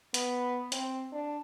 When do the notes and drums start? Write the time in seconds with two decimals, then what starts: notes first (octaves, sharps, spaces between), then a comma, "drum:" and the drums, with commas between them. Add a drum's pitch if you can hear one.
0.14 B3, drum: hi-hat
0.72 C4, drum: hi-hat
1.12 D4